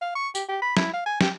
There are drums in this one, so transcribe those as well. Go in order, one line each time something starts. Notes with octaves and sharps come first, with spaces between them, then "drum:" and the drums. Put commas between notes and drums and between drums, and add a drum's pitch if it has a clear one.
F5
C#6
G4, drum: tambourine
G4
B5
E4, drum: snare
F5
G#5
G4, drum: snare